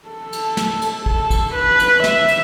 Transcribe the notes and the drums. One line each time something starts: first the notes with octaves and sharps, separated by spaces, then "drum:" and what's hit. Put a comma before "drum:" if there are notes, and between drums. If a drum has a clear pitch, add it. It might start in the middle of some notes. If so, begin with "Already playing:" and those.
A4
drum: cymbal
drum: snare
drum: cymbal
A4, drum: kick
drum: kick, cymbal
B4
drum: cymbal
E5, drum: snare
drum: cymbal